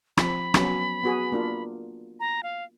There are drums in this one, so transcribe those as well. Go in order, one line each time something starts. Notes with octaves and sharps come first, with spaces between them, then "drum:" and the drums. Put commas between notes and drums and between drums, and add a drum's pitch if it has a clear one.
F3 C4 B5, drum: rim click
F#3 B3 C#4, drum: rim click
B3 F#4 G#4
A#3 D4 F4
A#5
F5